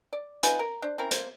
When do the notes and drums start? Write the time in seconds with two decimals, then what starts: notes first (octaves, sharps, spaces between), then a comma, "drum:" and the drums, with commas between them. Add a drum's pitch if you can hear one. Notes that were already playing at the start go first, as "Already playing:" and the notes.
0.13 D5
0.43 D#4 F4 B4 G#5, drum: hi-hat
0.59 A#4
0.82 D4 C5
0.98 C4 C#4 E4 A#4
1.11 A#3 C5, drum: hi-hat